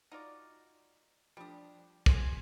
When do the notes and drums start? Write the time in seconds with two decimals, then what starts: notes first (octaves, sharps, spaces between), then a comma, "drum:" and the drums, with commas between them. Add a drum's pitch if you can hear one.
0.12 D#4 F4 F#4 D5
1.37 F3 G3 D4 G4 D#6
2.06 F#4 C5 G#5 C6 D#6, drum: kick